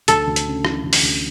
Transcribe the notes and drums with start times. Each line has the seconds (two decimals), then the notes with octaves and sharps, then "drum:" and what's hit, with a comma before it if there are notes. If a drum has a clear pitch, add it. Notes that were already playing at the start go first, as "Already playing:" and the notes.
0.08 D2 A4, drum: hi-hat
0.27 D2
0.36 drum: hi-hat
0.46 C#3
0.65 E3, drum: rim click
0.84 D2
0.93 drum: open hi-hat
1.03 D2